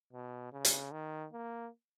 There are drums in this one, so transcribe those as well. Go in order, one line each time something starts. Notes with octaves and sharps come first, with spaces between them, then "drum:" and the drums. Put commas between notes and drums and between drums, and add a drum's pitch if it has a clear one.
B2
C#3
drum: hi-hat
D#3
A#3